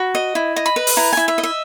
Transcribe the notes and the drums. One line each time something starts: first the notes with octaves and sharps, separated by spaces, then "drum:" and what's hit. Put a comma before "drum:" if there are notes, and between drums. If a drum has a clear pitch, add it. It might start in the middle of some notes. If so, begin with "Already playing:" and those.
Already playing: F#4 B5
D#5
E4
D#5
B5
B4
drum: open hi-hat
E4 A#5
E4 G#5
E5
D#5
E5